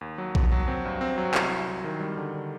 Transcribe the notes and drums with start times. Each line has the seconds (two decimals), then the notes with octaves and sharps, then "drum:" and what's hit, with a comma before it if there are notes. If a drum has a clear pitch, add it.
0.01 D#2
0.18 F#3
0.35 D#2, drum: kick A#1
0.52 F#3
0.68 C4
0.85 G2
1.01 C4
1.18 F#3
1.34 C2, drum: clap
1.51 C2
1.68 C2
1.84 D#3
2.00 G3
2.17 D3
2.34 D3